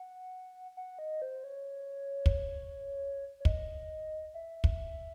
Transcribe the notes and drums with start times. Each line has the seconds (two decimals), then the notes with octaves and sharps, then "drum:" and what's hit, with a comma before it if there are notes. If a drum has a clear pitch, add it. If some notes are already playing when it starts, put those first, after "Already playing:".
Already playing: F#5
0.77 F#5
0.99 D#5
1.22 C5
1.44 C#5
2.26 drum: kick
3.40 C#5
3.45 D#5, drum: kick
4.34 E5
4.64 drum: kick